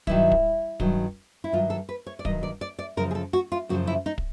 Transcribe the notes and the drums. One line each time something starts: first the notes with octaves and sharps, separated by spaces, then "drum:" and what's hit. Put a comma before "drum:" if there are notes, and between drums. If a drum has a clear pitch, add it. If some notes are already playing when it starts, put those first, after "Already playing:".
G2 D#3 F#3 E4, drum: kick
drum: kick
G2 D#3 F#3, drum: kick
E4
G2 D#3 F#3 F4
A4
B4
C#5
D5
G2 D#3 F#3 D#5, drum: kick
D5
D5
D5
F#2 C#3 F3 A#4
G#4
A4
F#4
F4
F#2 C#3 F3 F#4
E4
D#4
drum: kick